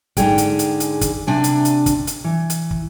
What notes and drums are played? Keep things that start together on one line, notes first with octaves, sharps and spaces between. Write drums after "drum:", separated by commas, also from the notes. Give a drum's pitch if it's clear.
G#2 D3 G#4 G5, drum: kick, hi-hat
drum: hi-hat
drum: hi-hat
drum: hi-hat
drum: kick, hi-hat
C3 D4 G#5
drum: hi-hat
drum: hi-hat
drum: kick, hi-hat
drum: hi-hat
E3
drum: hi-hat
drum: kick